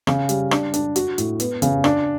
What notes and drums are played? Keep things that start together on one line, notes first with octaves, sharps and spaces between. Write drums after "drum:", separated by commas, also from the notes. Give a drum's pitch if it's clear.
C#3, drum: rim click
G3, drum: hi-hat
D4, drum: rim click
D4, drum: hi-hat
F#4, drum: hi-hat
A2, drum: hi-hat
B3, drum: hi-hat
C#3, drum: hi-hat
D4, drum: rim click